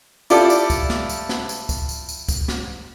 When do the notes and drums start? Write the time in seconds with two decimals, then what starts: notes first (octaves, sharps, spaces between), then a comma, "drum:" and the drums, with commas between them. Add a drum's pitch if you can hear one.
0.30 E4 F4 G4 A4 D5, drum: tambourine
0.50 drum: tambourine
0.70 drum: kick C#2, tambourine
0.90 drum: snare
1.10 drum: tambourine
1.29 drum: snare
1.49 drum: tambourine
1.69 drum: kick C#2, tambourine
1.89 drum: tambourine
2.09 drum: tambourine
2.29 drum: kick C#2, tambourine
2.48 drum: snare